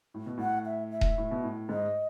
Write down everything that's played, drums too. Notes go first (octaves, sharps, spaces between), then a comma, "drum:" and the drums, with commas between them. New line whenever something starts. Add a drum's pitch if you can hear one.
A2
B2
A2 F#5
E5
E5
drum: kick D#1
A2
B2
A2
G#2 D#5